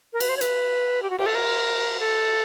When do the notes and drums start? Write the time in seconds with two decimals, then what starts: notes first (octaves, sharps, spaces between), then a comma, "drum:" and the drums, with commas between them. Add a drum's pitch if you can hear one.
0.13 A#4
0.20 B4, drum: cymbal
0.29 C5
0.37 C#5
0.41 B4, drum: hi-hat
1.03 G4
1.10 F#4
1.19 G4, drum: cymbal
1.26 A4
1.35 A#4
2.00 A4